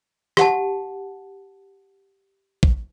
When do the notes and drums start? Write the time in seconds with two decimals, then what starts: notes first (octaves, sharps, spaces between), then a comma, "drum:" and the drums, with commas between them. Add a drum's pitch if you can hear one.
0.37 G4 F#5 A5, drum: rim click
2.63 drum: kick